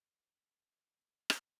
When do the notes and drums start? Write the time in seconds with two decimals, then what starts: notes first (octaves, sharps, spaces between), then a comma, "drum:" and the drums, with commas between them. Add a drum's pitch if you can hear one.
0.20 F#2
1.30 drum: rim click